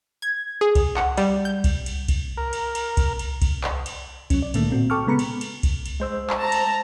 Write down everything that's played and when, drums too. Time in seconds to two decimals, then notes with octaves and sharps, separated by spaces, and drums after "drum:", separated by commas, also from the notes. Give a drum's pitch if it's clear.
0.22 G#6
0.61 G#4
0.75 drum: kick C2, cymbal
0.97 F#5, drum: clap
1.17 G3, drum: cymbal
1.45 G6
1.64 drum: kick C2, cymbal
1.86 drum: cymbal
2.08 drum: kick C2, cymbal
2.37 A#4
2.53 drum: cymbal
2.75 drum: cymbal
2.97 drum: kick C2, cymbal
3.19 drum: cymbal
3.42 drum: kick C2, cymbal
3.64 drum: clap
3.86 drum: cymbal
4.30 F#3 C#4, drum: kick C2, cymbal
4.42 D5
4.54 A2 D3 D#3 A3 A#3, drum: cymbal
4.70 A#2 C4 F#4
4.90 A4 G5 A5 C#6 D6 F6
5.07 C#3 G#3 B3 A#5 B5 C#7
5.19 drum: cymbal
5.41 drum: cymbal
5.63 drum: kick C2, cymbal
5.86 drum: cymbal
6.00 G#3 C5 E6
6.30 drum: clap
6.41 A5 A#5
6.52 drum: cymbal